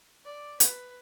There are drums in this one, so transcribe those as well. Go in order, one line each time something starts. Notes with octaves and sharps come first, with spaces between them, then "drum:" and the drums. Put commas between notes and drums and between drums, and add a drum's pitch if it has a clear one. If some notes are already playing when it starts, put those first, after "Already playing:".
D5
B4, drum: hi-hat